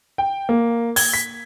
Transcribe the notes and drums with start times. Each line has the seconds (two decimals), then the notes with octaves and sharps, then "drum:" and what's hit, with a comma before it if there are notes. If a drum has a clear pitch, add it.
0.18 G5
0.49 A#3
0.96 G#6, drum: open hi-hat
1.14 B6